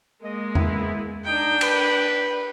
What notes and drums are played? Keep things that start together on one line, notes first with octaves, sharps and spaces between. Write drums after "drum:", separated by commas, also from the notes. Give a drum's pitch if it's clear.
G#3 A#3 D#5
B3 E4, drum: tom E2
D4 D#4 G5
B4, drum: cymbal